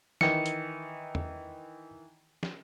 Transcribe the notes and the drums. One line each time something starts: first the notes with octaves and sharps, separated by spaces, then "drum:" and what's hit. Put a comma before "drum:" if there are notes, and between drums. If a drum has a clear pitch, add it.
D#3 E3 C#7, drum: snare
drum: hi-hat
drum: tom E2
drum: snare